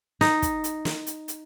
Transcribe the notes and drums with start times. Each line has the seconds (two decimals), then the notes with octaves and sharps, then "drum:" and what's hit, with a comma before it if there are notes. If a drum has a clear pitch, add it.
0.21 D#4, drum: snare
0.42 drum: kick, hi-hat
0.64 drum: hi-hat
0.85 drum: snare
1.07 drum: hi-hat
1.28 drum: hi-hat